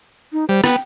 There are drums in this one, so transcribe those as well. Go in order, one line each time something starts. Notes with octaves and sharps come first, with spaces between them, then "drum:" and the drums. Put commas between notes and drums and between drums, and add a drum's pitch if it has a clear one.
D#4
G3 C5
B3 G5, drum: rim click